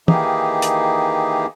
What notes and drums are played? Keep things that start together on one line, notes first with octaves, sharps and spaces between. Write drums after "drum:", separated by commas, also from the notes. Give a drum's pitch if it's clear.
D#3 E3 A#3 D#4 G4 G#4, drum: tom
drum: hi-hat